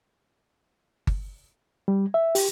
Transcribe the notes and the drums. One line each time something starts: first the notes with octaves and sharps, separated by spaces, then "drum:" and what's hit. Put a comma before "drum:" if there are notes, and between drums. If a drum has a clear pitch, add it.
drum: kick G1
G3
E5
G4, drum: open hi-hat